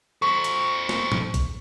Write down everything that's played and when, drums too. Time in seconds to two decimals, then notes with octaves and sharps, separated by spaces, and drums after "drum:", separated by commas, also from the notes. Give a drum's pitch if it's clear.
0.22 A4 C5 C#6
0.44 drum: hi-hat
0.89 drum: snare
1.12 drum: tom A2
1.34 drum: kick, hi-hat